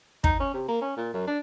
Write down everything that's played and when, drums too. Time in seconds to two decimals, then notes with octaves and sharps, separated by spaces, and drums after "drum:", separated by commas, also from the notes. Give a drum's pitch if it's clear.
0.24 D#4, drum: kick
0.40 C#4
0.54 C3
0.68 A#3
0.81 C#4
0.97 A#2
1.14 F#2
1.27 D4